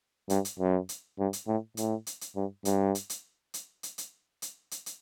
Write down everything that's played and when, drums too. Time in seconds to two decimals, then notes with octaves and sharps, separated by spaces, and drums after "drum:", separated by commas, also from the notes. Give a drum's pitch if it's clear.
0.30 G2, drum: hi-hat
0.45 drum: hi-hat
0.59 F#2
0.89 drum: hi-hat
1.19 G2
1.33 drum: hi-hat
1.48 A2
1.77 A2, drum: hi-hat
2.07 drum: hi-hat
2.21 drum: hi-hat
2.36 G2
2.65 G2, drum: hi-hat
2.95 drum: hi-hat
3.10 drum: hi-hat
3.54 drum: hi-hat
3.83 drum: hi-hat
3.98 drum: hi-hat
4.42 drum: hi-hat
4.71 drum: hi-hat
4.86 drum: hi-hat